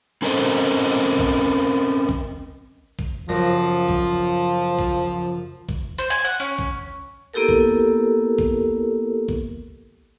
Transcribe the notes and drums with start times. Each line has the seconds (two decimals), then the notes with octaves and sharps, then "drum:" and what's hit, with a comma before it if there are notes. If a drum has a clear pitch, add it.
0.22 C4 C#4 A4 A#4 C5 D#5
1.19 drum: kick
2.09 drum: kick
2.99 drum: kick
3.29 F#2 C#3 F3 A#6
3.89 drum: kick
4.79 drum: kick
5.69 drum: kick
5.98 C5
6.10 G#5
6.25 F#5
6.40 C#4
6.59 drum: kick
7.34 A#3 B3 E4 G4 A4 A#4
7.49 drum: kick
8.39 drum: kick
9.28 drum: kick